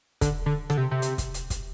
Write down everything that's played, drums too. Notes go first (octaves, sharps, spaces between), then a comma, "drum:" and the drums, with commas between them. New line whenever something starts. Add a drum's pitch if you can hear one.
D3, drum: kick, hi-hat
D3
D3, drum: rim click
C3
C3
drum: hi-hat
drum: kick, hi-hat
drum: hi-hat
drum: kick, hi-hat